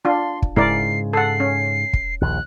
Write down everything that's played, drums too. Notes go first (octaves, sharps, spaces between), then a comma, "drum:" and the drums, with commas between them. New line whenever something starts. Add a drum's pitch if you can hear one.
D4 F4 C6
drum: kick
G#2 C#3 G#3 E4 A#4 D5 C7
A4 F#5 C7
C#4
drum: kick
A#1 D#2 F#6